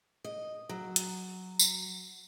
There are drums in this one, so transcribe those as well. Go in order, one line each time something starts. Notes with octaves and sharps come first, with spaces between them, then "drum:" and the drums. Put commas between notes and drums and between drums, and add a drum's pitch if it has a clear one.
D#5
F#3
drum: hi-hat
drum: tambourine